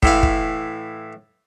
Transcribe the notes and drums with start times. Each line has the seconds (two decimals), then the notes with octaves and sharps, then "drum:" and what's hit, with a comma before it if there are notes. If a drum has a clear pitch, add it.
0.03 A2 E3 F5, drum: kick
0.23 drum: kick